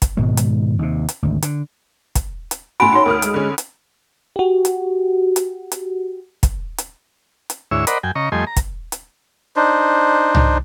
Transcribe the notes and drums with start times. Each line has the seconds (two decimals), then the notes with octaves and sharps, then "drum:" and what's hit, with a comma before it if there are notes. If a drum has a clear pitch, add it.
0.02 drum: kick, hi-hat
0.17 G#2 B2 D#3 G#3
0.37 drum: hi-hat
0.79 D#2 C3
1.09 drum: hi-hat
1.23 G#1 D2
1.42 D3, drum: hi-hat
2.15 drum: kick, hi-hat
2.51 drum: hi-hat
2.80 A2 C#4 F#4 G#5 B5 C6 D7
2.93 D#4 C#5 C6
3.06 D2 A#4 D#6 F6
3.22 G#3, drum: hi-hat
3.34 D3 C#4
3.58 drum: hi-hat
4.36 F#4 G4
4.65 drum: hi-hat
5.36 drum: hi-hat
5.72 drum: hi-hat
6.43 drum: kick, hi-hat
6.78 drum: hi-hat
7.50 drum: hi-hat
7.71 D2 G#2 E4 C#5 E6
7.87 A#4 C5 D5 D#5 F#5 B5, drum: hi-hat
8.03 F#2 G5 G#5
8.15 C#3 D#5 A#5 C#6
8.32 F2 G3 A3 D#5 G#5 C6
8.47 A#5
8.56 drum: kick, hi-hat
8.92 drum: hi-hat
9.56 D4 D#4 C5
10.35 drum: tom C2